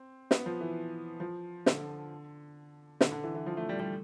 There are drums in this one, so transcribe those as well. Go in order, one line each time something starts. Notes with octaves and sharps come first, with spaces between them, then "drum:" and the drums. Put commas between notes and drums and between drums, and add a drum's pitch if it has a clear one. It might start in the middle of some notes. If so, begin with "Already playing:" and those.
Already playing: C4
B3, drum: snare
F3
E3
F3
D3, drum: snare
D3, drum: snare
D3
E3
E3
F3
A3
G3
G3